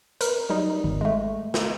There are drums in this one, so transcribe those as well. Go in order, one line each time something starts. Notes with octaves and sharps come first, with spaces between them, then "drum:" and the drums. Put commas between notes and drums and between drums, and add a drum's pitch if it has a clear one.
A#4 B4, drum: hi-hat
F#3 G3 D#4 D#5
G#1
G#3 A3
drum: snare